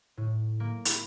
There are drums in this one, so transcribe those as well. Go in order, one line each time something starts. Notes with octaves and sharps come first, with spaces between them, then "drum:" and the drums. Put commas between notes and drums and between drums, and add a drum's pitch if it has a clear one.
A2
A#3
E4, drum: hi-hat